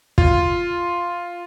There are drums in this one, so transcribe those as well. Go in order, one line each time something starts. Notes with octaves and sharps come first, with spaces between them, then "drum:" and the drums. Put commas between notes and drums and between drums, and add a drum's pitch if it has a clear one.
F4, drum: kick